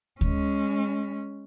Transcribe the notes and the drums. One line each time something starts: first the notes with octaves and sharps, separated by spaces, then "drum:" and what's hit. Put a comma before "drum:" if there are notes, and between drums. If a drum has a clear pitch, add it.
G#3 C#4, drum: kick D2